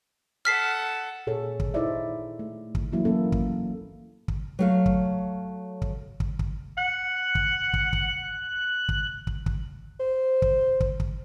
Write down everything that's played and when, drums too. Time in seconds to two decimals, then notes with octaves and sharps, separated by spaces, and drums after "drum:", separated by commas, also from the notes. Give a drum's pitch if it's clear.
0.45 A4 F#5 F6 B6 C7
1.27 A#2 G#4 A4 C#5
1.60 drum: kick
1.74 D#4 E4 A4 C5 D5 E5
2.39 A3
2.75 drum: kick
2.92 E3 F#3 A#3 E4
3.05 A#3 C#4 A4
3.32 drum: kick
4.28 drum: kick
4.59 F#3 A3 F5
4.86 drum: kick
5.82 drum: kick
6.20 drum: kick
6.39 drum: kick
6.78 F#5 F#6
7.35 drum: kick
7.73 drum: kick
7.93 drum: kick
8.89 drum: kick
9.27 drum: kick
9.46 drum: kick
10.00 C5
10.42 drum: kick
10.80 drum: kick
11.00 drum: kick